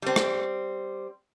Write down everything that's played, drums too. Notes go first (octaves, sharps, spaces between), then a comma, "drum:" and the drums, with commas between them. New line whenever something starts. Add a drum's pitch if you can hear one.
G3 C4
drum: rim click